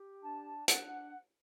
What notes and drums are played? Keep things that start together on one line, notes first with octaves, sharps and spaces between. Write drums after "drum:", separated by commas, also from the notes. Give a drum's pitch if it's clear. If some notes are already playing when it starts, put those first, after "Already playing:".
Already playing: G4
D4 A5
D4 F#5, drum: hi-hat